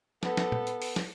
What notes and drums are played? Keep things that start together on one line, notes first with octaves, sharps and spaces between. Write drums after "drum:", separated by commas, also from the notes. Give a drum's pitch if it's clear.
B3 A4, drum: snare
drum: snare
drum: tom
drum: hi-hat
drum: open hi-hat
drum: snare